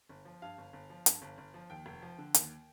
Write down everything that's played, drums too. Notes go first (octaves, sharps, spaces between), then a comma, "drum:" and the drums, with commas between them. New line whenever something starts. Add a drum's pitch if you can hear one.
G1
F3
G2 F5
G1
G1
F3
G2, drum: hi-hat
G1
G1
F3
D#2 G5
F1
F3
D3
D#2, drum: hi-hat